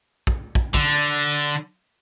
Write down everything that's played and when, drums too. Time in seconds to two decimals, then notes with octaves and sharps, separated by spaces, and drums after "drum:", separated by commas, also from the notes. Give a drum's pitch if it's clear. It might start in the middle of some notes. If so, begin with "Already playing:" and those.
0.27 drum: kick
0.55 drum: kick
0.74 D3, drum: kick